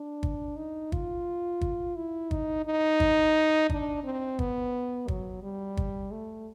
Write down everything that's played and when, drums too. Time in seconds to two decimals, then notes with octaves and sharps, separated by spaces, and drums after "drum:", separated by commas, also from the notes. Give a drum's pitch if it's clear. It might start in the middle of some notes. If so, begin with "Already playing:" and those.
Already playing: D4
0.23 drum: kick
0.57 D#4
0.92 F4, drum: kick
1.61 drum: kick
1.96 E4
2.31 D#4, drum: kick
2.66 D#4
3.00 drum: kick
3.70 D4, drum: kick
4.04 C4
4.39 B3, drum: kick
5.08 F#3, drum: kick
5.43 G3
5.77 drum: kick
6.12 A3